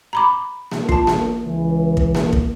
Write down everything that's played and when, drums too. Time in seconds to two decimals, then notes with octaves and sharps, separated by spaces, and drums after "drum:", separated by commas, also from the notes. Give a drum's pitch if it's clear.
0.13 A#5 B5 D6
0.72 drum: snare A#3
0.89 F4 A5, drum: kick
1.07 drum: snare A#3
1.43 C#2 E3
1.97 drum: kick
2.15 drum: snare A#3
2.33 drum: kick